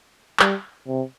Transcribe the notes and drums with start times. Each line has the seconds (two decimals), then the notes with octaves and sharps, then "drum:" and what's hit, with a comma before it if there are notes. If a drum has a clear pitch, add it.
0.39 G3, drum: clap
0.88 C3